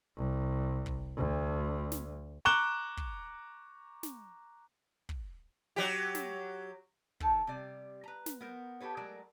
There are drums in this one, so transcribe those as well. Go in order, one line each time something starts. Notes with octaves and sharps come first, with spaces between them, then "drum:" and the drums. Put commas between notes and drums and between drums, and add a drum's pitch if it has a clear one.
C2
drum: kick
D2
drum: snare
A#5 C#6 D6 F#6 E7 G7
drum: kick
drum: snare
drum: kick
F#3 G4
drum: snare
D#3 A4 A5, drum: kick
C3 G3 D5
B4 A#5
drum: snare
B3 A#4 C5
G4 A4 B4 C#5
F#3 G#3 A3 A#4 D5